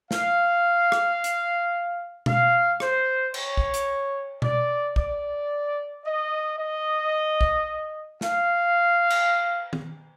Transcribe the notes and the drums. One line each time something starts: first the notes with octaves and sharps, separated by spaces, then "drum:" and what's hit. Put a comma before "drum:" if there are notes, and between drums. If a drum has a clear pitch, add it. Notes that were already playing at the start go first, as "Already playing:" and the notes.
F5, drum: snare
drum: rim click
drum: hi-hat
F5, drum: tom B2
C5, drum: rim click
C#5, drum: cymbal
drum: kick
drum: hi-hat
D5, drum: tom B2
D5, drum: kick
D#5
D#5
drum: kick
F5, drum: snare
drum: cymbal
drum: tom D#3